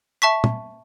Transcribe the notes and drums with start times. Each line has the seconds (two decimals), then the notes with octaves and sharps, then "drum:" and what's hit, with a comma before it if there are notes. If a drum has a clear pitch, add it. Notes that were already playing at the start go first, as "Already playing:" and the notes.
0.22 E5 A5 C#6 B6
0.44 drum: tom